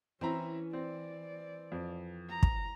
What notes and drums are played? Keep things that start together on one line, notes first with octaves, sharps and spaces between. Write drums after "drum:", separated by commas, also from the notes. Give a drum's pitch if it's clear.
E3 C4 C#4 E4 A#5
C4 D5
F2
A#5
drum: kick